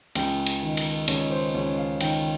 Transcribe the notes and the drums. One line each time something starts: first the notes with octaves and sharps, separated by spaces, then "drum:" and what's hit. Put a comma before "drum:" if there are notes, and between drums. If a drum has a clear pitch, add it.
C#2 G5, drum: cymbal
drum: cymbal
D#3
drum: cymbal
C#2 C#5, drum: cymbal
C5
C#2 C#5
F5
D#3 G5, drum: cymbal